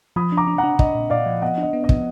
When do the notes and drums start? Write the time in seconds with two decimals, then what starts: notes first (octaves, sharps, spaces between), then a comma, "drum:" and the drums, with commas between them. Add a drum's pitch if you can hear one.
0.16 F3 B5 D#6
0.32 D4
0.37 A#5 D6
0.48 D4
0.58 F#5 A#5
0.63 D4
0.79 D4 D#5, drum: kick
0.95 A#2
1.10 A#2 D5 F5
1.26 F3
1.42 B3 D#5 F#5
1.58 D4 D#5
1.73 B3
1.84 D#5
1.89 F3, drum: kick